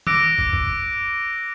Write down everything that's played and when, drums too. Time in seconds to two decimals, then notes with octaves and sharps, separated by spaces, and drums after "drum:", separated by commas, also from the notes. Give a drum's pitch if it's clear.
0.07 D6 E6 F#6 A#6 D7, drum: tom D#3
0.38 drum: kick
0.53 drum: kick